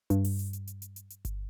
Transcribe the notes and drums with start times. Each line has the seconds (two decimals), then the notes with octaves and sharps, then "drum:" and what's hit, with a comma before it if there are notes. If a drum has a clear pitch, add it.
0.10 G2, drum: hi-hat
0.25 drum: open hi-hat
0.39 drum: hi-hat
0.53 drum: hi-hat
0.67 drum: hi-hat
0.82 drum: hi-hat
0.96 drum: hi-hat
1.10 drum: hi-hat
1.25 drum: kick G1, hi-hat